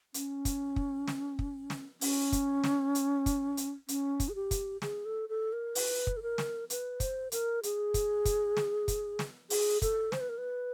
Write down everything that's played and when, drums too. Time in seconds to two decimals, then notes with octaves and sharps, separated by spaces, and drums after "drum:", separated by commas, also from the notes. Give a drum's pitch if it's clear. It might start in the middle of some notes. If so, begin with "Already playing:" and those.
0.14 C#4, drum: hi-hat
0.45 drum: kick, hi-hat
0.76 drum: kick
1.08 drum: snare
1.39 drum: kick
1.70 drum: snare
2.01 C#4, drum: open hi-hat
2.32 drum: kick, hi-hat
2.64 drum: snare
2.95 drum: hi-hat
3.26 drum: kick, hi-hat
3.57 drum: hi-hat
3.88 C#4, drum: hi-hat
4.20 drum: kick, hi-hat
4.29 G#4
4.35 G4
4.51 drum: kick, hi-hat
4.82 G#4, drum: snare
5.05 A4
5.29 A4
5.53 A#4
5.75 B4, drum: open hi-hat
6.07 drum: kick
6.17 A4
6.22 A#4
6.38 drum: snare
6.70 B4, drum: hi-hat
7.00 C5, drum: kick, hi-hat
7.32 A#4, drum: hi-hat
7.63 G#4, drum: hi-hat
7.94 drum: kick, hi-hat
8.25 drum: kick, hi-hat
8.57 drum: snare
8.88 drum: kick, hi-hat
9.19 drum: snare
9.50 G#4, drum: open hi-hat
9.82 A4, drum: kick, hi-hat
10.12 C5, drum: snare
10.21 B4
10.29 A#4
10.38 B4